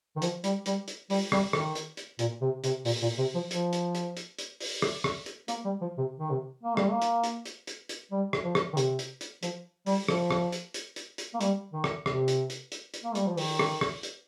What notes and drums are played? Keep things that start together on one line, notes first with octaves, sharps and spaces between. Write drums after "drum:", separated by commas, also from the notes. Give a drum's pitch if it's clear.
D#3
F3, drum: hi-hat
G3, drum: hi-hat
G3, drum: hi-hat
drum: hi-hat
G3, drum: open hi-hat
G3, drum: rim click
D#3, drum: rim click
drum: hi-hat
drum: hi-hat
A#2, drum: hi-hat
C3
C3, drum: hi-hat
A#2, drum: open hi-hat
A#2
C3
F3
F3, drum: hi-hat
drum: hi-hat
drum: hi-hat
drum: hi-hat
drum: hi-hat
drum: open hi-hat
drum: rim click
drum: rim click
drum: hi-hat
A#3, drum: hi-hat
G3
F3
C3
D#3
C3
A#3
G3, drum: rim click
A#3
drum: hi-hat
drum: hi-hat
drum: hi-hat
drum: hi-hat
drum: hi-hat
G3
drum: rim click
F3
drum: rim click
D#3
C3, drum: hi-hat
drum: hi-hat
drum: hi-hat
F3, drum: hi-hat
G3, drum: open hi-hat
F3, drum: rim click
drum: rim click
drum: hi-hat
drum: hi-hat
drum: hi-hat
drum: hi-hat
A#3
G3, drum: hi-hat
D#3
drum: rim click
C3, drum: rim click
drum: hi-hat
drum: hi-hat
drum: hi-hat
drum: hi-hat
A#3
G3, drum: hi-hat
F3
D#3, drum: open hi-hat
drum: rim click
drum: rim click
drum: hi-hat